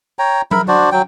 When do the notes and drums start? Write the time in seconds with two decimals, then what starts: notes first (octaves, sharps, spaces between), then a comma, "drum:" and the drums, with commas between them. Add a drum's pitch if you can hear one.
0.19 C#5 G5 A#5
0.51 A#4 E5 B5, drum: tom F#3
0.68 D4 F#4 C5 D5
0.92 F#3 G5